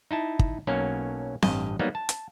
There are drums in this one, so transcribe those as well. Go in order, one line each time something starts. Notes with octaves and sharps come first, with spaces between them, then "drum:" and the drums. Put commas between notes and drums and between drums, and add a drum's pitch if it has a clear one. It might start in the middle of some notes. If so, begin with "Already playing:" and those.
D#4 E4 A5
drum: kick
B1 F#3 A#3 C#4
A1 G2 D#5, drum: snare C4
F#3 G3 A#3 B3 D#4
A5
drum: hi-hat